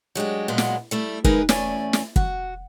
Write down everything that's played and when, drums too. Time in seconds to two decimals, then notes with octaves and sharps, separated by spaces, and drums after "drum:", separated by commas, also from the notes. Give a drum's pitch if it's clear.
0.15 F#3 G#3 D4 G4
0.48 A#2 F#3 G#3 B3
0.58 drum: snare
0.91 G3 A3 E4
1.24 E3 G#3 D#4 G#4 A#4 B4, drum: kick
1.49 E2 A3 C#4 D5 G#5, drum: snare
1.93 drum: snare
2.16 F#4, drum: kick